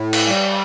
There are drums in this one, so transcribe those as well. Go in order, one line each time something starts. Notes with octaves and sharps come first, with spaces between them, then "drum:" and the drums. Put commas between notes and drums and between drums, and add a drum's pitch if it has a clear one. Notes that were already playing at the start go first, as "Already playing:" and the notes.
Already playing: A2
drum: cymbal
G3